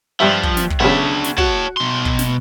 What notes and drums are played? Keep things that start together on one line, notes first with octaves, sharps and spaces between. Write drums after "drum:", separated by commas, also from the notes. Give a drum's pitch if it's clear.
G2 F3 G4 E5
drum: kick
drum: snare
drum: kick
B1 C#3 D4 E5
drum: snare
F#4 C#5 A5, drum: kick
B2 C6
drum: kick
drum: snare